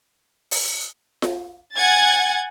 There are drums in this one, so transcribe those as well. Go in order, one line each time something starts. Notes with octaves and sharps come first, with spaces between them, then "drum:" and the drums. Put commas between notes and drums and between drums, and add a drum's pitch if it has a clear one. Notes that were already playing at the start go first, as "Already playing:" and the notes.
drum: open hi-hat
drum: snare F4
F#5 G#5 G#6 A6